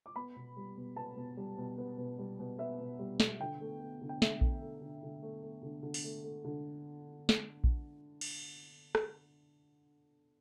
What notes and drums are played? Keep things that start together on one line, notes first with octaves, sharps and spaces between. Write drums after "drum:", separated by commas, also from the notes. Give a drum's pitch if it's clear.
D6
B3 B5
B2
G3
B2
B3 A5
B2
G3
B2
B3
B2
G3
B2
B3 E5
B2
G3
B2, drum: snare
D3 G5
A3
A3
D3
G5
D3 E5, drum: snare
A3, drum: kick A#1
A3
D3
D3
A3
A3
D3
D3
drum: open hi-hat
A3
A3
D3
drum: snare
drum: kick A#1
drum: cymbal
drum: rim click